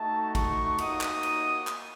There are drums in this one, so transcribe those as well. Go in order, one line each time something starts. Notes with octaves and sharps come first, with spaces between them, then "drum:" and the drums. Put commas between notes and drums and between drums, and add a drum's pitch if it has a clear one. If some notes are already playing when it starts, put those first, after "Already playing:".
Already playing: A3 D#4 F#4 A5
C#6, drum: kick, cymbal
A#3 D#4 F#4 D#6, drum: cymbal
drum: clap
drum: cymbal
drum: clap